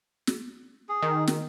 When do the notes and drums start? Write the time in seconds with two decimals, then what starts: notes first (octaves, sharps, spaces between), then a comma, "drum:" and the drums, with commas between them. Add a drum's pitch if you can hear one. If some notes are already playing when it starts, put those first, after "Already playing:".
0.27 drum: snare
0.89 G#4
1.02 D#3
1.27 drum: snare